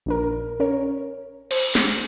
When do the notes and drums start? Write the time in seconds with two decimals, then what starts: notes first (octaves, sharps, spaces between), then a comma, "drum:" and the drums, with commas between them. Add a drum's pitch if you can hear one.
0.06 A#1 D4 A#4
0.60 C#4 A#4 C#5
1.51 C5, drum: cymbal
1.75 drum: snare